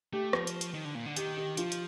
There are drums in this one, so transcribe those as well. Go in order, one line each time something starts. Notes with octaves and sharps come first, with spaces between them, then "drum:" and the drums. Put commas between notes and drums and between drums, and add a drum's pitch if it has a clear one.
A3 G4
F3, drum: rim click
drum: hi-hat
drum: hi-hat
D#3
D3
A#2
D3
D#3 G4, drum: hi-hat
G4
F3 F4, drum: hi-hat
drum: hi-hat